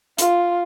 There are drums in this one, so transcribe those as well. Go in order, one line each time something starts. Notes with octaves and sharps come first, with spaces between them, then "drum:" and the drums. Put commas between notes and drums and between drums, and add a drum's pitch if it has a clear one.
F4, drum: hi-hat